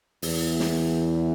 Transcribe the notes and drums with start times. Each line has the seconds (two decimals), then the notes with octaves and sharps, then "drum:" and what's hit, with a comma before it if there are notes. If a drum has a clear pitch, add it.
0.22 E2, drum: open hi-hat
0.60 drum: snare